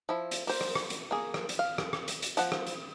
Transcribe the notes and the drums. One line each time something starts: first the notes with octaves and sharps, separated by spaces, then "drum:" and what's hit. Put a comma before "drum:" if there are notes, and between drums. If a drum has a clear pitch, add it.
F3 E4
drum: hi-hat
A#3 C5, drum: open hi-hat
drum: rim click
drum: rim click
drum: hi-hat
A#3 G#4
drum: rim click
drum: hi-hat
F5
drum: rim click
drum: rim click
drum: hi-hat
drum: hi-hat
F3 F#5, drum: hi-hat
drum: rim click
drum: hi-hat